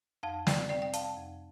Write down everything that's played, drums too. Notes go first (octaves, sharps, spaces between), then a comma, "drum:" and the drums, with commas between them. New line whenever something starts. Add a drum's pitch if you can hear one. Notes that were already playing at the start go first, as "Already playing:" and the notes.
F2 F5 A5
D5 G5, drum: snare
C3 G3 C4 D5 G5
G5
F5 A5, drum: hi-hat
F2